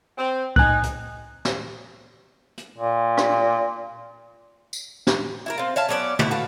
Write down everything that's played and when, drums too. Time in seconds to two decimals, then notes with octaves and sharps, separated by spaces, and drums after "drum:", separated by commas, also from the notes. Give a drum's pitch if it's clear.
0.18 C4
0.56 D#4 G#5 F#6, drum: kick C2
0.83 drum: hi-hat
1.45 drum: snare
2.58 drum: hi-hat
2.78 A#2
3.17 drum: rim click
4.73 drum: tambourine
5.07 drum: snare
5.46 E4 F#4 A#4
5.58 C4 F4
5.76 C#5 E5 F5 A5
5.89 F#3 B3 C#4 D5
6.19 B2 E4 F#4, drum: tom
6.31 F#4 A4 B4 F5